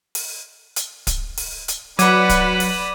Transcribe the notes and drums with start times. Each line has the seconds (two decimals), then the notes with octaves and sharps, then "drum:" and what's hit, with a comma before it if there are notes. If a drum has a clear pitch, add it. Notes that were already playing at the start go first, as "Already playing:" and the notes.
0.15 drum: open hi-hat
0.76 drum: hi-hat
1.07 drum: kick D1, hi-hat
1.37 drum: open hi-hat
1.68 drum: hi-hat
1.99 F#3 B4 D5 F#5 B5 D6 G#6 D#7, drum: hi-hat
2.29 drum: kick D1, hi-hat
2.60 drum: open hi-hat